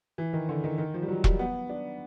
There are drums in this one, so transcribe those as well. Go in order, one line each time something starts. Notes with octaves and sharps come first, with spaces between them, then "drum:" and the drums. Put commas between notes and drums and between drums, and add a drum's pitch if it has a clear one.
E3
D#3
D3
D#3
D#3
F3
G3
F#3
G3, drum: kick E1
B3
D4